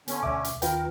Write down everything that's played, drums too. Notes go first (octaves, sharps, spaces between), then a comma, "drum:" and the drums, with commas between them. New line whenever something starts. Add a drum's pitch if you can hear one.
D3 B3 C#4, drum: hi-hat
D2 B2 E5 D6
drum: hi-hat
D#2 D#3 C#4 F4 A#4 B4 G5, drum: hi-hat